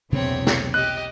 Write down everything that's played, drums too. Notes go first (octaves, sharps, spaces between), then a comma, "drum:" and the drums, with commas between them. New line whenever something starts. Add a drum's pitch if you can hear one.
B1 E2 C3 A#3 C4 D4 C#5
drum: snare
G4 D#5 F#6